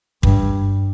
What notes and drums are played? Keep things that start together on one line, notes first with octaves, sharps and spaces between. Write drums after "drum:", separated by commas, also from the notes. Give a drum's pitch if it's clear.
G2, drum: kick